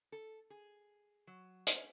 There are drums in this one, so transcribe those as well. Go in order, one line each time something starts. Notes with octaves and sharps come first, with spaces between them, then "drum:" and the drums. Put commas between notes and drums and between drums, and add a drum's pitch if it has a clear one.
A4
G#4
F#3
G#5, drum: hi-hat